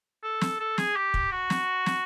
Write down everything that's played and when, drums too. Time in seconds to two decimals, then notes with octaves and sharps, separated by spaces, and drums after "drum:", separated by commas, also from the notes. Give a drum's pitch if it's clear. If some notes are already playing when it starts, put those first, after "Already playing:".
0.23 A4
0.41 drum: snare
0.60 A4
0.78 G#4, drum: snare
0.96 G4
1.14 drum: kick
1.32 F#4
1.50 drum: snare
1.86 drum: snare